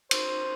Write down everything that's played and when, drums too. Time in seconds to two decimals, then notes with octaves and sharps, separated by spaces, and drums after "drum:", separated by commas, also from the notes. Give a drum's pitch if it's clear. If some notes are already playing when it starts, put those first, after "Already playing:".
0.11 C5, drum: cymbal